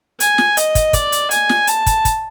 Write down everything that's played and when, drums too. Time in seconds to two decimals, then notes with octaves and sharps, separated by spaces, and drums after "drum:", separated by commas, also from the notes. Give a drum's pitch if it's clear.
0.20 G#5, drum: hi-hat
0.38 drum: snare
0.57 D#5, drum: hi-hat
0.75 drum: kick, hi-hat
0.93 D5, drum: kick, hi-hat
1.12 drum: hi-hat
1.31 G#5, drum: hi-hat
1.49 drum: snare
1.67 A5, drum: hi-hat
1.86 drum: kick, hi-hat
2.05 drum: kick, hi-hat